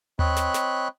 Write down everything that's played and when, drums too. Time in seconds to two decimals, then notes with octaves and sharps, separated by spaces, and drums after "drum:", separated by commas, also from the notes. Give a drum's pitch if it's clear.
0.19 C4 C#5 D#5 B5 F#6, drum: tom D#2
0.37 drum: snare
0.54 drum: snare